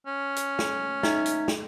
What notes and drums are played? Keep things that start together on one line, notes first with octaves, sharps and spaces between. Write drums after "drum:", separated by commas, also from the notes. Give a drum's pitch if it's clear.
C#4
drum: hi-hat
drum: snare
D#4 E5 G#6, drum: snare
drum: hi-hat
drum: snare